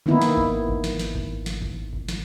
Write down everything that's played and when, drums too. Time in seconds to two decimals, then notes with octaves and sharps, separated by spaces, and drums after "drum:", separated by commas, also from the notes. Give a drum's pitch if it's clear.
0.06 D#3 A#3 B3 D#4 E4
0.21 drum: snare
0.37 drum: kick G#1
0.68 drum: kick G#1
0.84 drum: snare
0.99 drum: snare
1.15 drum: kick G#1
1.46 drum: snare
1.62 drum: kick G#1
1.93 drum: kick G#1
2.09 drum: snare